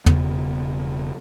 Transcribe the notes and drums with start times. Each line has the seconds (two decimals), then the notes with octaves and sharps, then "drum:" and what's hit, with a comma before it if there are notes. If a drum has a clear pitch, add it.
0.06 E1 D#2 C#3 B3, drum: tom E2